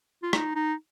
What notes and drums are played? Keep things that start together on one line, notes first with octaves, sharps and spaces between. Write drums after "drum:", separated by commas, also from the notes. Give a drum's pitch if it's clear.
F4
D#4, drum: rim click
D#4